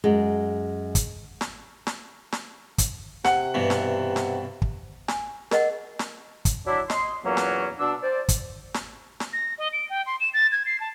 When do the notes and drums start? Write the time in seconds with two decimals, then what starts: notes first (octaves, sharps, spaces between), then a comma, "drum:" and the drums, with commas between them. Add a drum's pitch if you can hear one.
0.04 F#2 G#3
0.95 drum: kick, hi-hat
1.41 drum: snare
1.87 drum: snare
2.32 drum: snare
2.78 drum: kick, hi-hat
3.24 C3 F#5, drum: snare
3.54 G2 B2 E3
3.70 drum: snare
4.16 drum: snare
4.62 drum: kick
5.08 G#5, drum: snare
5.51 G#4 A#4 D#5 F#5, drum: snare
5.99 drum: snare
6.45 drum: kick, hi-hat
6.67 F#3 D4 E4
6.90 D#5 C6, drum: snare
7.25 E2 A#2 F#3 A#3 B3 C#4
7.37 drum: snare
7.79 B2 D4 E6
8.03 C5 D5
8.28 drum: kick, hi-hat
8.74 drum: snare
9.20 drum: snare
9.33 A#6
9.58 D#5
9.72 D7
9.89 G5
10.06 C6
10.20 E7
10.33 A6
10.51 G#6
10.66 C7
10.80 A5